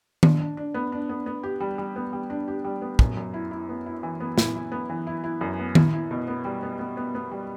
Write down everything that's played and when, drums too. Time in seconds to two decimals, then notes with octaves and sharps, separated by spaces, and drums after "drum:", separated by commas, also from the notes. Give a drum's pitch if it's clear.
0.23 D4, drum: tom D#3
0.41 D4
0.57 D4
0.74 B3
0.92 D4
1.09 B3
1.26 B3
1.43 G4
1.60 G3
1.78 G3
1.96 B3
2.13 G3
2.30 D4
2.48 G4
2.64 G3
2.82 B3
2.99 F#2, drum: kick
3.17 F#2
3.34 E4
3.51 E4
3.69 B3
3.86 E4
4.03 E3
4.20 B3
4.38 E4, drum: snare
4.55 E4
4.72 B3
4.89 E3
5.07 E4
5.24 E4
5.41 F#2
5.59 B3
5.75 E4, drum: tom D#3
5.93 E4
6.11 B2
6.28 B3
6.45 G3
6.63 B3
6.79 B3
6.97 B3
7.15 B3
7.31 G3